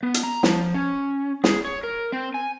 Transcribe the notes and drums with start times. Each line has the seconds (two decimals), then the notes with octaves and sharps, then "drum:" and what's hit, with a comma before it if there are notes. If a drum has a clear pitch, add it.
0.03 B3
0.14 drum: hi-hat
0.23 A#5
0.43 F3, drum: snare
0.74 C#4
1.44 G#4, drum: snare
1.65 C#5
1.83 A#4
2.12 C4
2.34 G#5